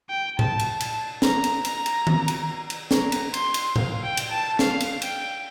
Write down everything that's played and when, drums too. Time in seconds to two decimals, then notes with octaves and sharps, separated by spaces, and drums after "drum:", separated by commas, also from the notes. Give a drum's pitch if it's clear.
0.10 G5
0.39 A5, drum: tom A2
0.59 drum: cymbal
0.80 A5, drum: cymbal
1.22 A#5, drum: snare
1.44 drum: cymbal
1.65 A#5, drum: cymbal
1.86 drum: cymbal
2.07 drum: tom D#3
2.28 drum: cymbal
2.70 drum: cymbal
2.91 A#5, drum: snare
3.12 drum: cymbal
3.34 C6, drum: cymbal
3.54 drum: cymbal
3.76 F5, drum: tom A2
4.03 G5
4.17 drum: cymbal
4.31 A5
4.59 F5, drum: snare
4.80 drum: cymbal
5.02 G5, drum: cymbal